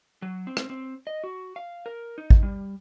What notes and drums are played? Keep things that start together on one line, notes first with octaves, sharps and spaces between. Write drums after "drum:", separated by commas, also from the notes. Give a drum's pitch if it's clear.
F#3
C4
drum: rim click
C4
D#5
F#4
F5
A#4
D#4
drum: kick G#1
G3